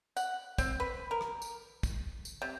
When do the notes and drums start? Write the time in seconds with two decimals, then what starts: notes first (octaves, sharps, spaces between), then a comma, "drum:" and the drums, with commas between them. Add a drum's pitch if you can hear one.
0.17 F#5, drum: tambourine
0.58 C4, drum: kick, tambourine
0.80 B4
1.11 A#4
1.21 drum: rim click
1.42 drum: tambourine
1.83 drum: kick, tambourine
2.25 drum: tambourine
2.42 C3